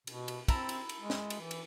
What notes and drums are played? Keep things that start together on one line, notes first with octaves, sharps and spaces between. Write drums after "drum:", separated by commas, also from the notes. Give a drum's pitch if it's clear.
B2, drum: cymbal
drum: cymbal
C4 E4 A5 A#5, drum: kick, cymbal
drum: cymbal
drum: cymbal
G#3
drum: snare
drum: cymbal
E3
drum: cymbal